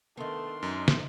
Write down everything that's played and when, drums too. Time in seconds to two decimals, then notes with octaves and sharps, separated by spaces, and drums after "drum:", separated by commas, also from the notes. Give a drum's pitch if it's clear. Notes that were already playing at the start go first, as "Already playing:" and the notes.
0.17 D#3 A3 B3 D4 C6
0.63 F#2 D#4
0.88 drum: snare